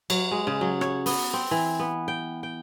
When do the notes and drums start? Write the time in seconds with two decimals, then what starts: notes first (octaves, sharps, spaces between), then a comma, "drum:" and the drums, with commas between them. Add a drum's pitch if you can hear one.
0.10 F#3, drum: cymbal
0.31 G#3
0.47 C#3
0.61 F#3
0.81 C#5, drum: rim click
1.06 B3, drum: open hi-hat
1.33 C4
1.51 E3
1.79 B3
2.08 G5
2.43 G5